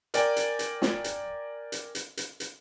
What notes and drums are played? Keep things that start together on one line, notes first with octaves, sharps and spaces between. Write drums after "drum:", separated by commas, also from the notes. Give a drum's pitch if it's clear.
A#4 D5 G5 G#5, drum: hi-hat
drum: hi-hat
drum: hi-hat
drum: snare
drum: hi-hat
drum: hi-hat
drum: hi-hat
drum: hi-hat
drum: hi-hat